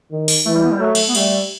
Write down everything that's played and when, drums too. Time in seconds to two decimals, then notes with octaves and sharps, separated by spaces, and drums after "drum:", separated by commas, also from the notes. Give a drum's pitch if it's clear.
0.12 D#3
0.28 drum: open hi-hat
0.45 E3 A3
0.55 G3
0.63 B3
0.72 G3
0.80 F#3 A3
0.95 drum: cymbal
1.08 B3
1.15 G3 A3, drum: cymbal